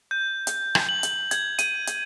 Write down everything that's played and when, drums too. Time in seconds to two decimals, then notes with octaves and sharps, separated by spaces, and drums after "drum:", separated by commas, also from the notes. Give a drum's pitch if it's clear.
0.11 G6
0.47 drum: hi-hat
0.75 drum: rim click
0.89 F#7
1.03 drum: hi-hat
1.31 G#6, drum: hi-hat
1.59 D#7, drum: hi-hat
1.87 drum: hi-hat